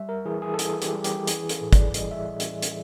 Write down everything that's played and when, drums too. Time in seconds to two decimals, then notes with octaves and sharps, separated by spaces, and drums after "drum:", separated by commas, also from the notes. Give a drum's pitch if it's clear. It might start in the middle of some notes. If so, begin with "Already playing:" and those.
Already playing: G3 E5
0.09 A#4
0.25 E3 G#4
0.42 G#4
0.54 A4
0.59 E3 G#4, drum: hi-hat
0.82 G4, drum: hi-hat
0.93 G3
1.04 G4, drum: hi-hat
1.27 E3 G#4, drum: hi-hat
1.49 A4, drum: hi-hat
1.61 A2
1.73 D5, drum: kick, hi-hat
1.94 G3 D#5, drum: hi-hat
2.11 E5
2.40 drum: hi-hat
2.62 drum: hi-hat